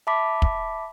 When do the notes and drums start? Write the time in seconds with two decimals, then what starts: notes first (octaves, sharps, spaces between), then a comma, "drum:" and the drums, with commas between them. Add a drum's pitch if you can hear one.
0.07 E5 A5 B5 D6 B6
0.42 drum: kick